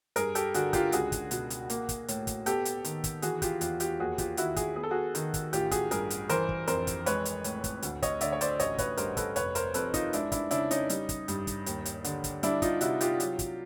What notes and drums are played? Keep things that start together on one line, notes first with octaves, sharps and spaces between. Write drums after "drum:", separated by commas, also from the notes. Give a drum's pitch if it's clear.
G2 G#4 A#4, drum: hi-hat
G4 A4, drum: hi-hat
D3 F#4 G#4, drum: hi-hat
F4 G4, drum: kick, hi-hat
C#2 F#4 G#4, drum: hi-hat
drum: kick, hi-hat
B2, drum: hi-hat
drum: hi-hat
A#3, drum: hi-hat
drum: kick, hi-hat
A2, drum: hi-hat
drum: kick, hi-hat
B3 G4 A4, drum: hi-hat
drum: hi-hat
D#3, drum: hi-hat
drum: kick, hi-hat
E3 F#4 G#4, drum: hi-hat
F4 G4, drum: kick, hi-hat
E2 F4 G4, drum: hi-hat
F4 G4, drum: hi-hat
D#2 F#4 G#4
F4 G4, drum: kick, hi-hat
D#3 E4 F#4, drum: hi-hat
F#4 G#4, drum: kick, hi-hat
B3 G#4
A4
F#4 G#4
D#3, drum: hi-hat
drum: kick, hi-hat
A1 F4 G4, drum: hi-hat
F#4 G#4, drum: kick, hi-hat
G2 G#4 A#4, drum: hi-hat
drum: hi-hat
E3 A#4 C5, drum: hi-hat
drum: kick
F2 A#4 C5, drum: hi-hat
drum: kick, hi-hat
G#3 B4 C#5, drum: hi-hat
drum: hi-hat
A2, drum: hi-hat
drum: kick, hi-hat
D2, drum: hi-hat
C#5 D#5, drum: kick, hi-hat
D3 D5 E5, drum: hi-hat
C#5
C5 D5, drum: hi-hat
A1 C#5 D#5, drum: hi-hat
B4 C#5, drum: kick, hi-hat
G2 A#4 C5, drum: hi-hat
A4 B4, drum: kick, hi-hat
F1 B4 C#5, drum: hi-hat
A#4 C5, drum: hi-hat
F2 A4 B4, drum: hi-hat
D#4 F4, drum: kick, hi-hat
G#3 D4 E4, drum: hi-hat
D4 E4, drum: kick, hi-hat
C#3 D4 E4, drum: hi-hat
C#4 D#4, drum: hi-hat
G3, drum: hi-hat
drum: kick, hi-hat
G2, drum: hi-hat
drum: kick, hi-hat
D#2, drum: hi-hat
drum: hi-hat
D3, drum: hi-hat
drum: kick, hi-hat
G3 D4 E4, drum: hi-hat
D#4 F4, drum: kick, hi-hat
C3 E4 F#4, drum: hi-hat
F4 G4, drum: hi-hat
F#3, drum: hi-hat
drum: kick, hi-hat